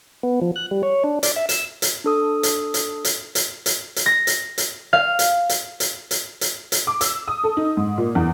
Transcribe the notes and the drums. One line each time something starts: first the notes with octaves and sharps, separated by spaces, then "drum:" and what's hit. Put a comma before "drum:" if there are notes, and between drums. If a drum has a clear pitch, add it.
B3
F3
F#6
G3
C#5
D4
D5, drum: hi-hat
E5
E6, drum: hi-hat
drum: hi-hat
D4 A4 D#6
drum: hi-hat
drum: hi-hat
drum: hi-hat
drum: hi-hat
drum: hi-hat
drum: hi-hat
A#6
drum: hi-hat
drum: hi-hat
F5
drum: hi-hat
drum: hi-hat
drum: hi-hat
drum: hi-hat
drum: hi-hat
drum: hi-hat
D6
E6, drum: hi-hat
D#6
A4
D#4
G#2
A#2
E2